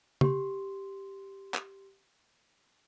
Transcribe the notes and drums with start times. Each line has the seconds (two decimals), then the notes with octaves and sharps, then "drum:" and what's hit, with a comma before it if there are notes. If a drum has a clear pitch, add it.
0.21 G4 C6, drum: tom C#3
1.54 drum: clap